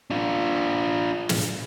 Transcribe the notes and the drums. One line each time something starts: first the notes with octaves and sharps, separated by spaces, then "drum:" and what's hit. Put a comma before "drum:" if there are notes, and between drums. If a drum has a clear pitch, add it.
D4 F4
drum: snare